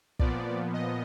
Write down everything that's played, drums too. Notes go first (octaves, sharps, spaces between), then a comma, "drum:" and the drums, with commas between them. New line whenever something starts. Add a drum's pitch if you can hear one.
A#2 F3 B3 D5, drum: kick
D#5